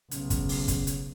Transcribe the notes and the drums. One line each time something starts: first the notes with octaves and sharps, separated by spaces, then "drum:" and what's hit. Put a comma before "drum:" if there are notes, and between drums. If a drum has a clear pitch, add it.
B1 C#3, drum: hi-hat
drum: kick, hi-hat
drum: open hi-hat
drum: kick, hi-hat
drum: hi-hat